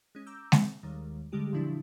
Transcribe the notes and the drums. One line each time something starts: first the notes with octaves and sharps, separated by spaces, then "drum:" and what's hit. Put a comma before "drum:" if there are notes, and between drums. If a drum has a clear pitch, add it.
G#3 C#4
A#5 D6 E6 G6
C4, drum: snare G#3
D#2 D#3 G3 G#3
D3 G3 G#3 G4 G#4
A#2 D3 F3 F#3 D4 E4